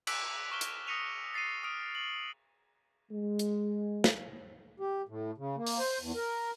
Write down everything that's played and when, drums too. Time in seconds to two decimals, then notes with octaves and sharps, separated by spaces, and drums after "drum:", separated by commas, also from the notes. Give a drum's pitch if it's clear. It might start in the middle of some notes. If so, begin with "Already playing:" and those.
0.07 D6 E6 F#6 B6 D7, drum: cymbal
0.51 C#6 F6 E7 G7
0.61 drum: hi-hat
0.87 D#6 A#6 B6 C#7 D#7 F7
1.34 A6 C7 C#7 D#7
1.63 D#6 F6 D7
1.95 F#7
3.11 G#3
3.39 drum: hi-hat
4.04 drum: snare
4.80 G4
5.09 A2
5.38 C#3
5.56 A#3
5.67 drum: open hi-hat
5.79 C5
6.00 E2
6.16 A#4